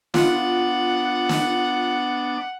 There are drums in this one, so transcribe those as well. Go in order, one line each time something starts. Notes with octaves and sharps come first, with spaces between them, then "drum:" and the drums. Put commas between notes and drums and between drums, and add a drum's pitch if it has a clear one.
B3 D4 F4 F#5 D6, drum: snare
drum: snare